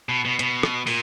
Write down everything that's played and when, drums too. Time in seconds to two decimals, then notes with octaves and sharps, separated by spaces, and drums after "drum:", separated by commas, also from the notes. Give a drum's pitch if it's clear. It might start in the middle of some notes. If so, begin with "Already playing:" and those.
0.09 B2
0.25 B2
0.39 B2, drum: hi-hat
0.63 drum: rim click
0.87 A#2, drum: open hi-hat